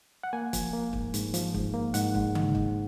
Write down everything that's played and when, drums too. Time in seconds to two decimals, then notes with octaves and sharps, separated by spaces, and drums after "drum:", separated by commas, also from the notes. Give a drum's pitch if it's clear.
0.23 F#5
0.33 A#3 G#5
0.53 F3, drum: kick, hi-hat
0.73 A#3
0.93 G#2, drum: kick
1.14 G#2, drum: hi-hat
1.34 F3, drum: hi-hat
1.54 G#2, drum: kick
1.74 A#3
1.94 G#2 F#5, drum: hi-hat
2.15 G#2, drum: kick
2.35 G#2, drum: tom C#3
2.55 G#2, drum: kick